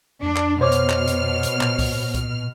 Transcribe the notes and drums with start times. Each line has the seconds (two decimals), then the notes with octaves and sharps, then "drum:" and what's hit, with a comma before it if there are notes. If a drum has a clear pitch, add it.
0.23 F2 D4
0.36 drum: clap
0.61 B2 C5 C#5 D6 F6
0.72 drum: hi-hat
0.90 drum: clap
1.07 drum: hi-hat
1.43 drum: hi-hat
1.61 A#2, drum: clap
1.79 drum: kick C2, open hi-hat
2.14 drum: kick C2, hi-hat